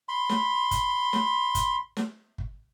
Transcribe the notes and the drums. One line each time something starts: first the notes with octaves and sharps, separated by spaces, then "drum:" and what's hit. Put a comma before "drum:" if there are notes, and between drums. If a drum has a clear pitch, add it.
B5 C6
drum: snare
drum: kick, hi-hat
drum: snare
drum: kick, hi-hat
drum: snare
drum: kick